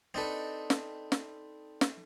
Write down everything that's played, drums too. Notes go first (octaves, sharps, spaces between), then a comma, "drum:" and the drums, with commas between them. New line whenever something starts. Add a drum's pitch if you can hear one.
C4 D4 D#4 A4 B4
drum: snare
drum: snare
drum: snare